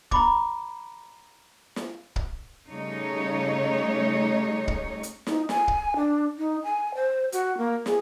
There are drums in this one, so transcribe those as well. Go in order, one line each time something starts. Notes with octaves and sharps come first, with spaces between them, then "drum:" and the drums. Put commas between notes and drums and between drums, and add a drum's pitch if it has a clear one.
A#5 B5 D6, drum: kick
drum: snare
drum: kick
C#3 G3 A3 D#4 C#5
drum: kick
drum: hi-hat
D#4, drum: snare
G#5, drum: snare
drum: kick
D4
D#4
G#5
C5
F#4, drum: hi-hat
A#3
G#4, drum: snare